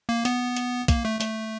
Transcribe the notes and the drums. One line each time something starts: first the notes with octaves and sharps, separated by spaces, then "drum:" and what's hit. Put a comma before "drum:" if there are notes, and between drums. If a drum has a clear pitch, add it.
A#3
B3, drum: hi-hat
drum: hi-hat
A#3, drum: kick, hi-hat
A3
A3, drum: hi-hat